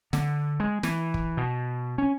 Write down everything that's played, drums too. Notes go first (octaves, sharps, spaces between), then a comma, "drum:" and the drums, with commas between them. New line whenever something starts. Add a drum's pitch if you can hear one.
D3, drum: snare
G#3
E3, drum: snare
drum: kick
B2
C#4